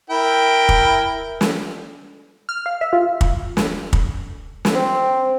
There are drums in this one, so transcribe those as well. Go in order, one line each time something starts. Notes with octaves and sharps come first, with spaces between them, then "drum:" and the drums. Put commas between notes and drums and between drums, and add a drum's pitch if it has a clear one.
E4 A#4 G5
drum: kick
drum: snare
F6
F5
E5
F4
drum: kick
drum: snare
drum: kick
drum: snare
C4